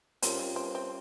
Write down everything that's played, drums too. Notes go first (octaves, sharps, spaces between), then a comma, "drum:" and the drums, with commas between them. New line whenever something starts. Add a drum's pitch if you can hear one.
G3 C4 C#4 F4 A#4, drum: hi-hat
G#3
C4
C4